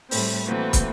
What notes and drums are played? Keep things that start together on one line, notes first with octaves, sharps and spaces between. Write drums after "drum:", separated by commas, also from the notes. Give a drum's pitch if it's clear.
A2 G3 A3 C4 B5, drum: open hi-hat
E3 A3 A#3 C4 F#4 B4
drum: kick, hi-hat